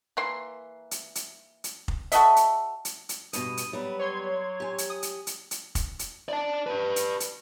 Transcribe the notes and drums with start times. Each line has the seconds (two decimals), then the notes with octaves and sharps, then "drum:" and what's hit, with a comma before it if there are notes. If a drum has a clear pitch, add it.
0.17 E3 A#3 C6
0.91 drum: hi-hat
1.15 drum: hi-hat
1.64 drum: hi-hat
1.88 drum: kick F1
2.12 F#4 A4 D#5 E5, drum: hi-hat
2.36 drum: hi-hat
2.85 drum: hi-hat
3.09 drum: hi-hat
3.33 G2 B2 D#6, drum: hi-hat
3.57 drum: hi-hat
3.73 F#3 G3 B3
3.99 C#5 C6 G#6
4.60 G4 G#5
4.78 drum: hi-hat
4.90 D#6
5.03 drum: hi-hat
5.27 drum: hi-hat
5.51 drum: hi-hat
5.75 drum: kick F1, hi-hat
5.99 drum: hi-hat
6.29 D5 A5
6.67 G4 B4
6.96 drum: hi-hat
7.20 drum: hi-hat